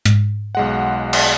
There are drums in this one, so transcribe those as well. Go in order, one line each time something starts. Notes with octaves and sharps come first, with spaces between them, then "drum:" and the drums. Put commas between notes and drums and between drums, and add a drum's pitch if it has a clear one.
G#2, drum: hi-hat
B1 G#3 F#5
drum: cymbal